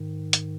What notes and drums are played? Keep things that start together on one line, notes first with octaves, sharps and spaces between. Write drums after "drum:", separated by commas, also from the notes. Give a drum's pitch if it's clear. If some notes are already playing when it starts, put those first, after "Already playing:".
Already playing: G#2 D#3
drum: hi-hat